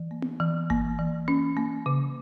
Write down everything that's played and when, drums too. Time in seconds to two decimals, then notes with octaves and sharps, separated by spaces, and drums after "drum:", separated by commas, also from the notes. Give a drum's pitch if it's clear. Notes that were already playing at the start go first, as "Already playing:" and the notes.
Already playing: E3
0.11 A#3
0.22 drum: tom B3
0.40 E3
0.70 A#3, drum: kick G1
0.99 E3
1.28 C#4
1.57 A#3
1.86 C#3